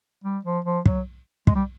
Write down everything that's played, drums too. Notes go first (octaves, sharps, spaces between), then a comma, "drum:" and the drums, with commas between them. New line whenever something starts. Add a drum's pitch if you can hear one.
G3
F3
F3
F#3, drum: kick
G#3, drum: kick
G3